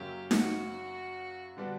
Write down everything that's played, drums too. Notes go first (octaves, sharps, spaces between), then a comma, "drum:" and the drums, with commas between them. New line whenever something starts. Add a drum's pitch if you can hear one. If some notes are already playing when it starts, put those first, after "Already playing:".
Already playing: F#2 C#3 F#3 A#3 C#4 G4
F#4, drum: snare D#4
D3 G3 B3 D4 F#4